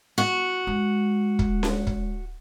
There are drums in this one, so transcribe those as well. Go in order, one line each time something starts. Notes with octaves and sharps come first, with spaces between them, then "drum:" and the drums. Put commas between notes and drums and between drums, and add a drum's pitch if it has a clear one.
F#4
G#3
drum: kick
drum: snare C#4
drum: kick